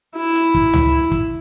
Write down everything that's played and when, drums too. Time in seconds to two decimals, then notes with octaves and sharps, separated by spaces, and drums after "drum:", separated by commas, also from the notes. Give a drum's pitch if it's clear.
0.16 E4
0.36 drum: hi-hat
0.55 drum: kick
0.74 drum: tom C#2
1.12 drum: kick, hi-hat